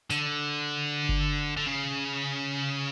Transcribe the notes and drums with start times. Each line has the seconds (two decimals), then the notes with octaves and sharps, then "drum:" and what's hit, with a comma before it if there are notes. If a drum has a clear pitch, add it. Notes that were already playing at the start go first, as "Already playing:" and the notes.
0.10 D3, drum: tambourine
1.09 drum: kick G1
1.57 D3
1.67 C#3